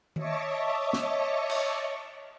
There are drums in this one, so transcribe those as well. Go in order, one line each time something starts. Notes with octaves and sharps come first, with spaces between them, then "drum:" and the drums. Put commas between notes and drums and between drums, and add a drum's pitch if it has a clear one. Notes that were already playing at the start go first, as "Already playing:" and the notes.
C#5 D#5 E5 A5 C#6 D6, drum: tom D#3
drum: snare
drum: cymbal